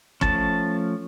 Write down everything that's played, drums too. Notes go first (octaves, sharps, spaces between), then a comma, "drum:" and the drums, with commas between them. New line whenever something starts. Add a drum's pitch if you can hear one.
F3 A3 C#4 A5, drum: kick